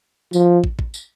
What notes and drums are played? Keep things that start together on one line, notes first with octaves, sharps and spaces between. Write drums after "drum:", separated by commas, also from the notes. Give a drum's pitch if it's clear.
F3, drum: tambourine
drum: kick
drum: kick
drum: tambourine